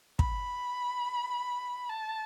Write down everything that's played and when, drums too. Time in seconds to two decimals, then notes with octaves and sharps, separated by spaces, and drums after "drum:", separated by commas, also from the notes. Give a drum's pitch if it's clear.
0.19 B5, drum: kick
1.90 A5